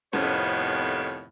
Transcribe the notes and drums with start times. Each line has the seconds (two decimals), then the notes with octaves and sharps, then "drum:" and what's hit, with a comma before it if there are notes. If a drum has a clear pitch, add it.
0.13 F2 A2 C3 D#3 B3 C#5, drum: snare C#4